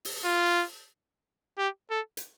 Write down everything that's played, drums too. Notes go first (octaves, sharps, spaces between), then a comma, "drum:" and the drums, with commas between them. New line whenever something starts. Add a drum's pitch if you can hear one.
drum: open hi-hat
F4
G4
A4
drum: hi-hat